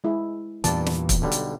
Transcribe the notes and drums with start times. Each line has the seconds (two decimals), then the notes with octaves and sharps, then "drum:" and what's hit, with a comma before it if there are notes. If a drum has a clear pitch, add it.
0.04 G#3 E4 G#4
0.64 E2 G2 A#2 E3 D5 A5, drum: hi-hat
0.86 drum: snare
1.09 drum: kick, hi-hat
1.22 B1 D3 G3
1.32 drum: hi-hat